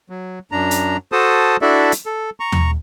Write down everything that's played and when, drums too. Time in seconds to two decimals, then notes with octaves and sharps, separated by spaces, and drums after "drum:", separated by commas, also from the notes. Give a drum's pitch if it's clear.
0.10 F#3
0.52 F#2 D4 A#5
0.71 drum: hi-hat
1.12 F#4 A4 C5 A5 D#6
1.62 D4 E4 F#4 A4 D5 E5
1.92 drum: hi-hat
2.06 A4
2.40 A#5 C#6
2.52 drum: tom D#2